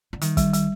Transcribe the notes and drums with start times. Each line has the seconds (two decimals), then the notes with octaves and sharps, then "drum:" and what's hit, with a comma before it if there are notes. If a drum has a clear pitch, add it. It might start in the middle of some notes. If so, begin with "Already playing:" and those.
0.13 D3
0.21 D#3 G3, drum: hi-hat
0.37 G3, drum: kick, hi-hat
0.53 G3, drum: hi-hat